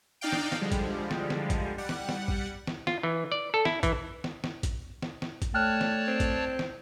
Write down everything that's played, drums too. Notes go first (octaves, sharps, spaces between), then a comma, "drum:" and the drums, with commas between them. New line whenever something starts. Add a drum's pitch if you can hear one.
D4 D#4 D5 F5 G5
drum: snare
drum: snare
D3 F3 G3 G#3
drum: kick A1, hi-hat
drum: snare
drum: snare
drum: kick A1, hi-hat
G3 F#5
drum: snare
drum: snare
drum: kick A1
drum: snare
F4, drum: snare
E3
D5
A4
E4, drum: snare
E3, drum: kick A1, hi-hat
drum: snare
drum: snare
drum: kick A1, hi-hat
drum: snare
drum: snare
drum: kick A1, hi-hat
A3 C#5 D5 G5 A5 F6 F#6
drum: snare
C4
drum: kick A1, hi-hat
drum: snare